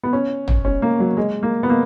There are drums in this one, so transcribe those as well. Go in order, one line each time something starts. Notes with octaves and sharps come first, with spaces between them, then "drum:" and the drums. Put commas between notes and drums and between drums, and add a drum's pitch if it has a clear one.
B3
C#4
drum: tom
C#4
A#3
F#3
G#3
A#3
B3
A#3